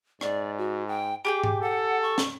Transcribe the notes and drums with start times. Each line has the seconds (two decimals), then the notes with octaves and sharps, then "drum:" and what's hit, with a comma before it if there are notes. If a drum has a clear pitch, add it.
0.21 G#2 D5, drum: rim click
0.58 F#4
0.88 G5
1.25 G4 G#4 G5 D6
1.43 drum: tom G#2
1.62 A4 F#5
2.03 C#6
2.18 drum: snare